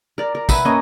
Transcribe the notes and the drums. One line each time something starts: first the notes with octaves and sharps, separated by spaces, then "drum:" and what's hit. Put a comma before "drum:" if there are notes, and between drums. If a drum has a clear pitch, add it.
A#4 D5
A#4
B4 E5 F#5 G#5, drum: kick, tambourine
A#3 C#4 D#5